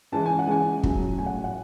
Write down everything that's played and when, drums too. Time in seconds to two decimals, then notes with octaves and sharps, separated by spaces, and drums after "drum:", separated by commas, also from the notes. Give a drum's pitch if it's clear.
0.12 C#3 E3 G#3 A5
0.26 G#5
0.39 F#5
0.47 C#3 E3 G#3 G#5
0.83 C#3 F#3, drum: kick
1.18 A2 F#3 G#5
1.26 F#5
1.44 F#5